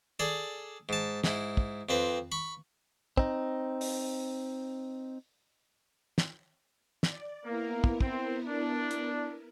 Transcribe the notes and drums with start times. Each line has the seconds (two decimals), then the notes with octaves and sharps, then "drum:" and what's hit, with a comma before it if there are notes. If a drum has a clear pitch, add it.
0.19 G#4 A4 D5
0.89 G#2 A5
1.24 G#2 E4, drum: snare
1.57 drum: kick
1.89 F2 C4 B4
2.32 B5 C#6
3.17 C4 D#4, drum: kick
3.81 drum: open hi-hat
6.18 drum: snare
7.03 D5, drum: snare
7.45 A#3 B3 E4 A#4
7.84 drum: kick
8.01 C4, drum: kick
8.47 D4
8.91 drum: hi-hat